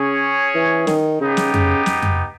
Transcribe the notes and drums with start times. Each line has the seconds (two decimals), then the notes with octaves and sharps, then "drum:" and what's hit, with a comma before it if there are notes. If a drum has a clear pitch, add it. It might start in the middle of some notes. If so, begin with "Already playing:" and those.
Already playing: C#3 C#4 G#4 C#5
0.55 E3
0.87 D#3, drum: snare
1.20 C#3 B3 D#4 G4
1.37 drum: snare
1.54 C#3, drum: tom F2
1.86 drum: snare
2.02 drum: tom F2